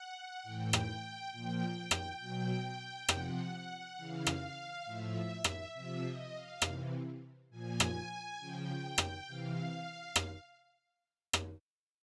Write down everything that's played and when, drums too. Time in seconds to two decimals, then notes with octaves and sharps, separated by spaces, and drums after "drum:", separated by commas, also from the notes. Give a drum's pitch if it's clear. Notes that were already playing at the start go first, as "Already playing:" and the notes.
Already playing: F#5
0.43 A2 E3 G5
0.73 drum: rim click
1.32 A#2 F3 G5
1.91 drum: rim click
2.20 B2 F#3
3.08 C3 F3 F#5, drum: rim click
3.96 C#3 E3 F5
4.27 drum: rim click
4.85 A2 F3 E5
5.44 drum: rim click
5.74 C3 F3 E5
6.04 D#5
6.33 F5
6.62 C3 E3, drum: rim click
7.50 A#2 F3 G#5
7.80 drum: rim click
8.38 C#3 F3 G5
8.98 drum: rim click
9.27 C3 E3 F5
10.16 drum: rim click
11.33 drum: rim click